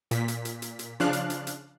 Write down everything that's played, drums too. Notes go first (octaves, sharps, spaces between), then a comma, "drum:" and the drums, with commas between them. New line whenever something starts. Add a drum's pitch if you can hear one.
A#2 B6, drum: hi-hat
drum: hi-hat
drum: hi-hat
drum: hi-hat
drum: hi-hat
C#3 F3 D4 F5 F#6
drum: hi-hat
drum: hi-hat
drum: hi-hat